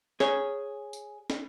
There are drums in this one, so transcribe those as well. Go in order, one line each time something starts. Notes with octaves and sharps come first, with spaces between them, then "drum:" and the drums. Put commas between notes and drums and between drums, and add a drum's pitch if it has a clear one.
G#4 C#5, drum: snare
drum: tambourine
drum: snare